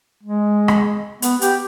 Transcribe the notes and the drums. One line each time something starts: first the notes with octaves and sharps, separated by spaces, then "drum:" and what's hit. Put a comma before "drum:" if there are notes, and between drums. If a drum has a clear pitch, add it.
G#3
drum: rim click
B3, drum: hi-hat
G4, drum: hi-hat